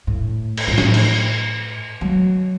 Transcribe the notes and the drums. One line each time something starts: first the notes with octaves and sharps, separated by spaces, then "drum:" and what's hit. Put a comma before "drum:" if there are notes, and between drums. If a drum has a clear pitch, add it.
A2
drum: cymbal
A2 F4
drum: snare
drum: cymbal
F#3